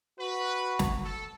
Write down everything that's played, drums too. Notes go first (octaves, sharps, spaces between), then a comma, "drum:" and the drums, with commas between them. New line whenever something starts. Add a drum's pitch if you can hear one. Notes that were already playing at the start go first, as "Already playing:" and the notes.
F#4 B4
drum: snare
A4